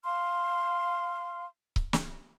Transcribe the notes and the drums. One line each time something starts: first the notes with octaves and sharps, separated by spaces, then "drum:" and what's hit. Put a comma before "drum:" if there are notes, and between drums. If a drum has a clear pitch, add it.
F5 C6 F6
drum: kick C#1
drum: snare